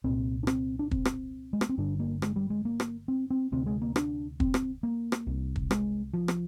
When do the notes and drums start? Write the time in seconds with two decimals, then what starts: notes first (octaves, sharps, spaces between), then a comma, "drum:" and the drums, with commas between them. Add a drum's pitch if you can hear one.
0.04 C2 A#2 C4
0.43 D4
0.47 C4, drum: rim click
0.79 D4
0.91 C4, drum: kick
1.05 drum: rim click
1.53 G#3
1.61 A#3, drum: rim click
1.69 C4
1.78 G1 G2 D3 D4
1.99 A#3
2.22 G#3, drum: rim click
2.36 G3
2.50 G#3
2.65 A#3
2.80 drum: rim click
3.08 C4
3.30 C4
3.52 D2 C3 C4
3.66 G#3
3.82 A#3
3.96 D4, drum: rim click
4.40 C4, drum: kick
4.54 drum: rim click
4.83 A#3
5.12 drum: rim click
5.27 C2 C3
5.56 drum: kick
5.71 G#3, drum: rim click
6.14 F3
6.28 drum: rim click